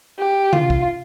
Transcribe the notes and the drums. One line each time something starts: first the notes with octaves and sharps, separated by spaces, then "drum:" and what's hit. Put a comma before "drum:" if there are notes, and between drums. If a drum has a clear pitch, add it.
G4
F4, drum: tom C3
drum: kick